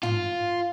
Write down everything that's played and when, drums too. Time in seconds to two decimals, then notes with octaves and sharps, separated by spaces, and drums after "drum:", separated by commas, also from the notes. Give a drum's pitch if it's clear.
0.03 F4, drum: tom